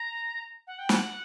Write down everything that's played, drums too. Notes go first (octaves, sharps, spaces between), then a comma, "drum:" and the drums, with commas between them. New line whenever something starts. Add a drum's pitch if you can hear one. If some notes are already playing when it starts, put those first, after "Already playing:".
Already playing: A#5
F#5
G5
F#5, drum: snare